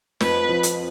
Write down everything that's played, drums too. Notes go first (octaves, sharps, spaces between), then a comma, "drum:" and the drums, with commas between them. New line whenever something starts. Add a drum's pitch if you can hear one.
F2 B4, drum: snare
F3
drum: hi-hat